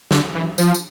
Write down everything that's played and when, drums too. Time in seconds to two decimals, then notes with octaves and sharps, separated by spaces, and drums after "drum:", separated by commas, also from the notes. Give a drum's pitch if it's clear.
0.11 D3, drum: snare
0.35 E3
0.58 F3, drum: tambourine
0.74 drum: tambourine